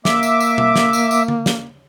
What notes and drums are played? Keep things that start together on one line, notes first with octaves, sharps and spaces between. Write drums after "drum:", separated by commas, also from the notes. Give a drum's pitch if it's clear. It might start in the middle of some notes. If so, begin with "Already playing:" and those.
A#3 E5 D6, drum: snare
drum: tambourine
drum: tambourine
drum: tom B2
drum: snare
drum: tambourine
drum: tambourine
drum: tom D3
drum: snare